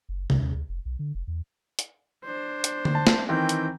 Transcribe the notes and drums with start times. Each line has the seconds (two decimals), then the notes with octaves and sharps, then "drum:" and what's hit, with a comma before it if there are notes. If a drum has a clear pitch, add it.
0.09 F#1
0.30 C2, drum: tom C3
0.42 D#2
0.54 D2
0.69 F1
0.85 B1
0.99 D3
1.15 F1
1.27 E2
1.79 drum: hi-hat
2.25 D4 C5
2.64 drum: hi-hat
2.85 drum: tom D3
2.95 A5
3.07 drum: snare
3.29 D#3 E3 C4 G5
3.49 drum: hi-hat